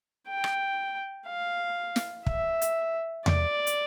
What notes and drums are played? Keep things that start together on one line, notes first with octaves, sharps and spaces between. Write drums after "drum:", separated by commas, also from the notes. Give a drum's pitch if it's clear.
G5
drum: rim click
F5
drum: snare
E5, drum: kick
drum: hi-hat
D5, drum: tom E2
drum: hi-hat